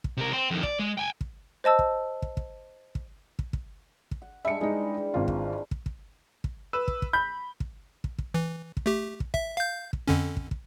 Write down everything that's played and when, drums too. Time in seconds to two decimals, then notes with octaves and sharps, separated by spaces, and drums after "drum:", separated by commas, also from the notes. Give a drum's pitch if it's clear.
0.04 drum: kick
0.17 C3 A#4
0.33 G5 C6
0.51 F2 D#3
0.63 D5, drum: kick
0.79 G#3
0.98 G5 G#5
1.21 drum: kick
1.64 C5 D#5 A5 E6
1.79 drum: kick
2.22 drum: kick
2.37 drum: kick
2.95 drum: kick
3.39 drum: kick
3.53 drum: kick
4.11 drum: kick
4.22 F#5
4.45 G3 G#3 D4 E5 C#7
4.61 E3 G#3 D#4
5.14 G#1 F4
5.28 drum: kick
5.71 drum: kick
5.86 drum: kick
6.44 drum: kick
6.73 B4 E6
6.88 drum: kick
7.02 drum: kick
7.13 B5 G6
7.60 drum: kick
8.04 drum: kick
8.18 drum: kick
8.34 E3
8.77 drum: kick
8.86 A3 G4
9.20 drum: kick
9.34 E5, drum: kick
9.57 F5 G6
9.93 drum: kick
10.08 F2 D3 C#4
10.37 drum: kick
10.51 drum: kick